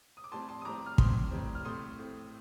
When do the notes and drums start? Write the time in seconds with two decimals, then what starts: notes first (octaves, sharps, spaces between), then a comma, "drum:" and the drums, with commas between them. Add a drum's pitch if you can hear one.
0.17 D#6
0.24 D6
0.32 A2 G3 C4 A5 C6
0.49 A5 C6
0.61 D#6
0.65 A2 G3 C4 A#5 D6
0.86 F6
0.98 A2 G3 C4 C6 D#6, drum: kick
1.32 A2 G3 C4
1.55 F6
1.65 A2 A3 C4 C6 D#6
1.98 A2 A3 C4